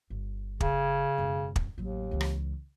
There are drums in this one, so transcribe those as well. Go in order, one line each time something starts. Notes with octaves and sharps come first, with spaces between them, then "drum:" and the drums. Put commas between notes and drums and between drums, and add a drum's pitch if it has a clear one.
G1
C#3, drum: kick
E1 F#2
drum: kick
A1 D#2 F#3
C#2 E3
drum: rim click